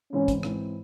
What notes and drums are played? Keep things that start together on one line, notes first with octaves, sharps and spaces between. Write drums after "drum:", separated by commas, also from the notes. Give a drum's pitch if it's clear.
G#2 E3 C4 C#4 E4
drum: kick, hi-hat
G#2 E3 C4 E4, drum: rim click